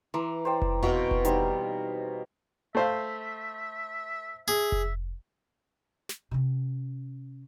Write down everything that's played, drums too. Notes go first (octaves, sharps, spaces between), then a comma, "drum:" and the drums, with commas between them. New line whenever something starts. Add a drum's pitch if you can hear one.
E3 A#5 C6 D6
C5 D5 G5
drum: kick F1
B2 C4 F#4 F5 G5, drum: tom E2
drum: kick F1
G3 D#4 G4 C5, drum: hi-hat
A3 C5 E5 F5
G#4 E5
drum: kick F1
drum: snare
C3 C#4